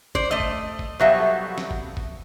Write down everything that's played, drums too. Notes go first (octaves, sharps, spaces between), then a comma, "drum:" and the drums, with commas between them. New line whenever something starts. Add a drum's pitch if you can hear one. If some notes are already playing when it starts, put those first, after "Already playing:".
C5 D5, drum: kick
A3 D#5
drum: kick
drum: kick
B2 F#3 G3 C5 E5 F5
A4
drum: snare
drum: kick
drum: kick